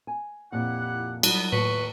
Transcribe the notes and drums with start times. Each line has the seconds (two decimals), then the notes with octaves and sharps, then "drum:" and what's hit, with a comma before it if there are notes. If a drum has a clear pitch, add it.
0.07 G#5
0.52 F2 A#2 E4 G4 F#5
1.23 F#3 G3 B3 D#4 F#4, drum: cymbal
1.53 D#2 A2 B4 C#6